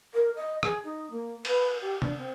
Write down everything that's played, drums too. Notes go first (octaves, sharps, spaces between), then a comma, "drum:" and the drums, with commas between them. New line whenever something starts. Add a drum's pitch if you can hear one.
A#4
D#5
G#4, drum: rim click
D#4
A#3
B4, drum: cymbal
G4
D4, drum: tom
C4